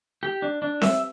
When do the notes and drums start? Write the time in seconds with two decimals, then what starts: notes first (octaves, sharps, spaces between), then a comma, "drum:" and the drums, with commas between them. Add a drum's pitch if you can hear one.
0.23 G4
0.42 D4
0.62 D4
0.82 E5, drum: snare C4